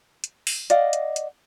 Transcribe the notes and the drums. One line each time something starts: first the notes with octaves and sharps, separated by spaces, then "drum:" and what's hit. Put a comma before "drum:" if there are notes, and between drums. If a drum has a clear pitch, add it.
drum: hi-hat
drum: open hi-hat
D5 D#5 F5 F#5, drum: hi-hat
drum: hi-hat
drum: hi-hat